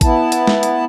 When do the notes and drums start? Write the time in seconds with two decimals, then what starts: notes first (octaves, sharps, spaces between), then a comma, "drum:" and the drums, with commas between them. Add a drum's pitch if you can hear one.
0.01 B3 E4 A5, drum: kick A1, hi-hat
0.32 drum: hi-hat
0.47 drum: snare
0.63 drum: hi-hat